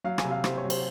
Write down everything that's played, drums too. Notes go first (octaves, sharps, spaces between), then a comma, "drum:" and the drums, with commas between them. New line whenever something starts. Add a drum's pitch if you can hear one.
F#3 F5
G#5, drum: rim click
C3
F5
C3 C5, drum: rim click
C#5
F#3
C5, drum: cymbal